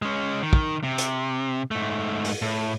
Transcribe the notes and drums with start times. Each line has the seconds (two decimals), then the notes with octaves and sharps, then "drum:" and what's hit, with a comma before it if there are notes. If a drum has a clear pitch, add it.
0.02 G#3 C#4
0.43 D#3
0.53 drum: kick
0.83 C3
0.98 drum: hi-hat
1.71 G#2 A3
2.25 drum: open hi-hat
2.42 A2